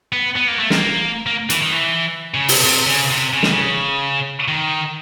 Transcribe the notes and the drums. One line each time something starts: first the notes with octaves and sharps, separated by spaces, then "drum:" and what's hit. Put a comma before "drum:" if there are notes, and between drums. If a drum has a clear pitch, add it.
B3
B3
A#3
A3
A#3, drum: snare
A#3
E3, drum: hi-hat
D#3
E3
C#3
C3, drum: open hi-hat
C3
C#3
C3
C#3
D3, drum: snare
C#3
D#3